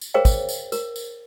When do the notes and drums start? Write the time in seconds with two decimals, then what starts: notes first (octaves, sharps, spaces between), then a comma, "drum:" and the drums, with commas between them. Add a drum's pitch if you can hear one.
0.02 drum: tambourine
0.14 G#4 A#4 C5 C#5 F5 G5
0.25 drum: kick, tambourine
0.49 drum: tambourine
0.72 A#4, drum: tambourine
0.96 drum: tambourine